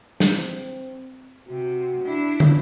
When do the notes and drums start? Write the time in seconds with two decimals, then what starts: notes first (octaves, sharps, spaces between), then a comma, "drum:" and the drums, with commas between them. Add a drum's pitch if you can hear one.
0.20 C4, drum: snare
1.49 C3 F#4
2.04 D4 E4
2.40 drum: tom